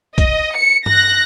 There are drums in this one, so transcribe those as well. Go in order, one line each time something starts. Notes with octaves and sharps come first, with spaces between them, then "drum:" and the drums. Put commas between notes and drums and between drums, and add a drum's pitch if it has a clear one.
D#5, drum: kick, hi-hat
C#7
F#6 A#6, drum: tom G2